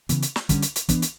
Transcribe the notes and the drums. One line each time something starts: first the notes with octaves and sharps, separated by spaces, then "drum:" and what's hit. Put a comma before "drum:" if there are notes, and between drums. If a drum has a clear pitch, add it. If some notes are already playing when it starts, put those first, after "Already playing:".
C#3 E3 B3, drum: hi-hat
drum: hi-hat
drum: snare
D3 G3 C#4, drum: kick, hi-hat
drum: hi-hat
drum: hi-hat
E3 B3 D4, drum: kick, hi-hat
drum: hi-hat